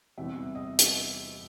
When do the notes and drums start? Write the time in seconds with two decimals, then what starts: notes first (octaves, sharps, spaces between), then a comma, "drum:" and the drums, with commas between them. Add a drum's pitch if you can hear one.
0.18 E2 C3 E3 G3 E5
0.55 D#5
0.79 drum: hi-hat